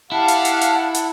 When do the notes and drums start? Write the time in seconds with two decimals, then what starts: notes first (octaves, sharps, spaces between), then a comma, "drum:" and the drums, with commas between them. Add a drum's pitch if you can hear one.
0.12 E4 G4 F5 F#5 A5
0.28 drum: hi-hat
0.45 drum: hi-hat
0.61 drum: hi-hat
0.95 drum: hi-hat